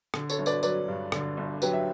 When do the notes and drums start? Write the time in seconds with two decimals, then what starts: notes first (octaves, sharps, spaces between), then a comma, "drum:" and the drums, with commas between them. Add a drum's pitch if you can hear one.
0.14 D3, drum: rim click
0.29 A4 C#5, drum: tambourine
0.38 G1
0.46 B4 D5, drum: tambourine
0.63 F#3 B4 D5, drum: tambourine
0.88 G2
1.12 D3, drum: rim click
1.37 G1
1.62 F#3 G4 B4, drum: tambourine
1.73 E5